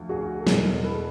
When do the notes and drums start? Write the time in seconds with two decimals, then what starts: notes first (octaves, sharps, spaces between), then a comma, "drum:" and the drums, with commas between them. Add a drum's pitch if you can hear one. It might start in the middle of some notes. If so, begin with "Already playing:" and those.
Already playing: D2 F3
0.09 F#4 G#4
0.40 A4
0.47 E2 B2 G#4 A#4, drum: snare
0.83 A4 B4